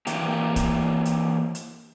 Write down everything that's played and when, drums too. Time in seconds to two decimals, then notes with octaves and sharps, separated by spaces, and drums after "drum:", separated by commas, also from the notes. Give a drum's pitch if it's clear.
0.07 E3 A#3 G4, drum: hi-hat
0.56 drum: kick, hi-hat
1.05 drum: hi-hat
1.55 drum: hi-hat